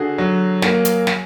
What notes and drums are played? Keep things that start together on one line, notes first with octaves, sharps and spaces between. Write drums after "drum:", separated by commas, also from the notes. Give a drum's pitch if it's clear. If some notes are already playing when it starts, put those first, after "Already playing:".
Already playing: D3 F#4 G#4
F#3
A#3, drum: snare
drum: hi-hat
drum: snare